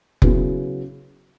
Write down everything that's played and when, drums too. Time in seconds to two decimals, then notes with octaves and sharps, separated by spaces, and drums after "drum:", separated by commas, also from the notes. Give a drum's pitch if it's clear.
0.22 C#3 F#3 B3 E4, drum: kick F1